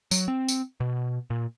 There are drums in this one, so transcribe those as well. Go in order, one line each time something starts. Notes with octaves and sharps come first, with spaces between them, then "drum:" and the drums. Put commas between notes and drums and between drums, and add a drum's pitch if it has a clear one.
F#3, drum: tambourine
C4
drum: tambourine
B2
A#2